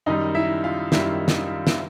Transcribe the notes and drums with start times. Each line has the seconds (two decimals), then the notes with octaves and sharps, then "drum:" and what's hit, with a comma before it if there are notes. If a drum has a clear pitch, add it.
0.06 F#2 D#3 G3 D#4 D#5
0.35 E4 E5
0.64 F4 F5
0.92 F#2 D#3 G3 E4 E5, drum: snare
1.28 drum: snare
1.67 E5, drum: snare